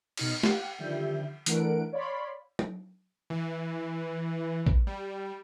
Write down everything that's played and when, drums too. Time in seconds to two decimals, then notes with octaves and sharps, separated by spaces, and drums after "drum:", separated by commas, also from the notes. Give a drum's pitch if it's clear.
0.17 B2 D#4 F6, drum: cymbal
0.43 G4 F5 F#5, drum: snare
0.78 D3 D#3 F3 G3 E5 G6
1.46 E3 A3 D4 A#4 F#5 D7, drum: hi-hat
1.93 C#5 D5 F5 B5 C6
2.59 drum: tom F#3
3.30 E3
4.67 drum: kick
4.87 G3